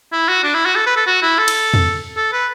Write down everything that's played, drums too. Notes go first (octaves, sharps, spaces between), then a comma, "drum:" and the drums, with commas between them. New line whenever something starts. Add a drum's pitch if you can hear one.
E4
F#4
D4
E4
F#4
A4
B4
A4
F#4
E4
A4
drum: cymbal
drum: tom E2
A4
B4